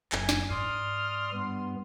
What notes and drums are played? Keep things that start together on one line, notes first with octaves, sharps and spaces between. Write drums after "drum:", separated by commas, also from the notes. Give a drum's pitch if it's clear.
F#1 G#5, drum: clap
drum: snare
G#2 D5 C6 D#6 F6
G2 B3 C6